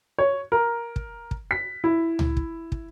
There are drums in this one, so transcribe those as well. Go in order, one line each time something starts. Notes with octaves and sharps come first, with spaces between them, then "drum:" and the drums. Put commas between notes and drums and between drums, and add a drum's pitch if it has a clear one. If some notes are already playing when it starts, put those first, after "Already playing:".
C#5
A#4
drum: kick
drum: kick
B6
E4
drum: tom C#2
drum: kick
drum: kick